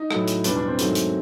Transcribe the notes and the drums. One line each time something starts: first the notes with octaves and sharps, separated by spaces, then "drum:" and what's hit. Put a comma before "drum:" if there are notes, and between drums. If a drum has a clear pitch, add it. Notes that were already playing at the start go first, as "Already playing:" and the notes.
Already playing: D#4
A2 F#3 A3, drum: rim click
drum: hi-hat
E2 B2 G3 B3 D4, drum: hi-hat
D4
C4
G#2 D#3 F#3 A3, drum: hi-hat
drum: hi-hat